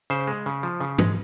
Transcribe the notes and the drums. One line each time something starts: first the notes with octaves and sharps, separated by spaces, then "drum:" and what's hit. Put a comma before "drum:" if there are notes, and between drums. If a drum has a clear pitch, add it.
C#3 C5
G#3
C#3
F3
C#3
G#3, drum: tom